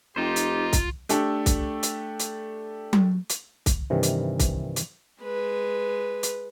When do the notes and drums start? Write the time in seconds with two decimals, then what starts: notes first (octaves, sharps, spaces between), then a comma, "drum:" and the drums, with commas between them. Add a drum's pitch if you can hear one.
0.16 F1 D#4 F4 G4 C5
0.36 drum: hi-hat
0.73 drum: kick, hi-hat
1.09 A3 D4 G4 A4, drum: hi-hat
1.46 drum: kick, hi-hat
1.83 drum: hi-hat
2.19 drum: hi-hat
2.93 drum: tom F#3
3.29 drum: hi-hat
3.66 drum: kick, hi-hat
3.90 G2 C3 D#3 E3
4.03 drum: hi-hat
4.39 drum: kick, hi-hat
4.76 drum: hi-hat
5.22 G#3 B4
6.23 drum: hi-hat